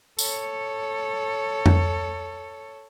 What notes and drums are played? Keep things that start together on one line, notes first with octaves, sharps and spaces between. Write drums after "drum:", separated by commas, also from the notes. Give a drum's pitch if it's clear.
A4 C#5, drum: tambourine
drum: tom F2